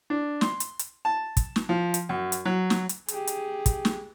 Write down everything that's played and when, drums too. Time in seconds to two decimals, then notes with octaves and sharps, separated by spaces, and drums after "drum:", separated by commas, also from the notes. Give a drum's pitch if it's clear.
0.10 D4
0.41 C6, drum: snare
0.60 drum: hi-hat
0.79 drum: hi-hat
1.05 A5
1.37 drum: kick, hi-hat
1.56 drum: snare
1.69 F3
1.94 drum: hi-hat
2.09 F#2
2.32 drum: hi-hat
2.45 F#3
2.70 drum: snare
2.89 drum: hi-hat
3.08 G4 G#4, drum: hi-hat
3.27 drum: hi-hat
3.66 drum: kick, hi-hat
3.85 drum: snare